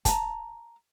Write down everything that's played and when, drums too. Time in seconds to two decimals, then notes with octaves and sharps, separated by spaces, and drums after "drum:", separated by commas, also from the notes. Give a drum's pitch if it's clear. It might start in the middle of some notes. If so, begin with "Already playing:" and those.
0.05 A5 A#5, drum: kick, hi-hat